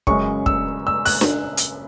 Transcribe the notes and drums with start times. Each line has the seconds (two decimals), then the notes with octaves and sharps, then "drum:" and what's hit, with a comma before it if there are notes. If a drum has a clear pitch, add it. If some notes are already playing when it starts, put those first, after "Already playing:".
0.07 F#2 C#3 G#3 C#6, drum: kick
0.46 E6, drum: kick
0.87 E6
1.05 F#6, drum: open hi-hat
1.21 drum: snare D4
1.57 drum: hi-hat